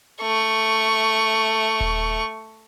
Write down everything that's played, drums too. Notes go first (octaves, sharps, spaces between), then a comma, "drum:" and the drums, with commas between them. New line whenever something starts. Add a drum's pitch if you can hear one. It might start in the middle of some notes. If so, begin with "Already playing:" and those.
A3 C#6
drum: kick D#1